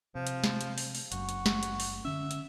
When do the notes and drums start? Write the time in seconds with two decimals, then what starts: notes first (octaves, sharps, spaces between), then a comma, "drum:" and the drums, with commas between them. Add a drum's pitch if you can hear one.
0.15 C3 F3
0.27 drum: hi-hat
0.44 drum: snare
0.61 drum: hi-hat
0.78 drum: open hi-hat
0.95 drum: open hi-hat
1.12 F#1 F#2 F#4, drum: hi-hat
1.29 drum: hi-hat
1.46 drum: snare
1.63 drum: hi-hat
1.80 drum: open hi-hat
2.05 D3 C#4 E5
2.31 drum: hi-hat